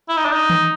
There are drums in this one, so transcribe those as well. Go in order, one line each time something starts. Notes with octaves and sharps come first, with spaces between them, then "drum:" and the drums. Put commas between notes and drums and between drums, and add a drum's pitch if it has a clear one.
E4
D#4
D4
D#4
drum: tom D#3